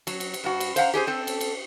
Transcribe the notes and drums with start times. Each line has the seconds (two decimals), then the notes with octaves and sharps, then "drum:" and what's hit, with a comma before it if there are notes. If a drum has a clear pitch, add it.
0.07 F#3, drum: cymbal
0.20 drum: cymbal
0.34 drum: cymbal
0.44 G2 F#4
0.60 drum: cymbal
0.76 C5 F5 F#5 A#5, drum: cymbal
0.94 G4 G#4 B4 C5
1.07 C4 A4
1.27 drum: cymbal
1.41 drum: cymbal